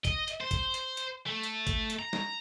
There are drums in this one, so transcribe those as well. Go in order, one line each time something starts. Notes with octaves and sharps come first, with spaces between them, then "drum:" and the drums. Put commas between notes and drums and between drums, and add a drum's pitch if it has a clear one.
D#5, drum: kick, hi-hat
drum: hi-hat
C5
drum: kick, hi-hat
drum: hi-hat
drum: hi-hat
A3
drum: hi-hat
drum: kick, hi-hat
drum: hi-hat
A#5
drum: snare